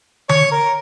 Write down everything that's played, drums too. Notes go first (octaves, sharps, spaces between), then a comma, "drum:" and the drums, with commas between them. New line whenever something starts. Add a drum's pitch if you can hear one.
C#5, drum: tom D3
A#4